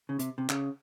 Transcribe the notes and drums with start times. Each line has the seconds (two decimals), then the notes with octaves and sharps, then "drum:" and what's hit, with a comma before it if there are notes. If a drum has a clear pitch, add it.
0.09 C#3
0.19 C3, drum: hi-hat
0.38 C3
0.50 C#3, drum: clap